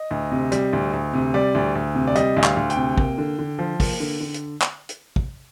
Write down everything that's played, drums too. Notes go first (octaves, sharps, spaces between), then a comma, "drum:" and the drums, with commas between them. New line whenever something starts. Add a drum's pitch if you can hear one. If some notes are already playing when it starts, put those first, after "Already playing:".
Already playing: D#5
D2
C3
G3, drum: hi-hat
D2
D2
C3
G3 D5
D2
D2
C3
D5
G3 D#5, drum: hi-hat
D2 D#5
F5, drum: clap
D2
G5, drum: hi-hat
C3
A#3, drum: kick
D3
D3
F3
A#3, drum: kick, open hi-hat
D3
D3
drum: hi-hat
drum: clap
drum: hi-hat
drum: kick